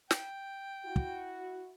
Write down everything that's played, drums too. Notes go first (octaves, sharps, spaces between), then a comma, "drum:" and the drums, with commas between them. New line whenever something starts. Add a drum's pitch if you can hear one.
G5, drum: snare
E4 F#4
drum: kick